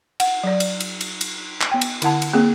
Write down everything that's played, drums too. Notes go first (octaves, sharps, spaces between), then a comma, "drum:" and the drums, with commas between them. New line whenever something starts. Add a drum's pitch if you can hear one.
F#5, drum: cymbal
F#3 D5
drum: cymbal
drum: cymbal
drum: cymbal
drum: cymbal
drum: clap
B3 G5
drum: cymbal
D3 E4 F#5 A5, drum: cymbal
drum: cymbal
A#3 C4 G#4